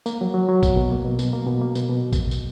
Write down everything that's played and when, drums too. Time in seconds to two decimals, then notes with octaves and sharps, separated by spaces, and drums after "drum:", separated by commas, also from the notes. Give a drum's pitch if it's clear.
0.06 A#3, drum: tambourine
0.21 F#3
0.34 F#3
0.49 F#3
0.63 B2, drum: kick A#1, tambourine
0.77 B2
0.91 A#3
1.05 B2
1.19 B2, drum: tambourine
1.33 A#3
1.47 B2
1.62 A#3
1.75 B2, drum: tambourine
1.90 B2
2.13 drum: kick A#1, tambourine
2.31 drum: tambourine